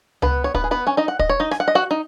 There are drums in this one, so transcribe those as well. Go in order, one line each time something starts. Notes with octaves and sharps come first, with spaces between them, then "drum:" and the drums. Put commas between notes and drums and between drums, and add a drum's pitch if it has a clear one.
B3 B4, drum: tom C#2
C#5
B3 B4, drum: kick
G#4
B3 B4
C#4 C#5
D#4 D#5
F#5
D#5, drum: kick
C#5
D#4 D#5
G#5, drum: rim click
F#5
D#5
F#4 F#5
D#4